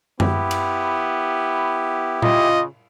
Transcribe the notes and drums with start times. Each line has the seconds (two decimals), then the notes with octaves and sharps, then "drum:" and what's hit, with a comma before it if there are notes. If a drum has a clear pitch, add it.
0.20 B3 E4 G4, drum: tom F#2
0.51 drum: cymbal
2.22 C#3 F4 D#5, drum: tom A#2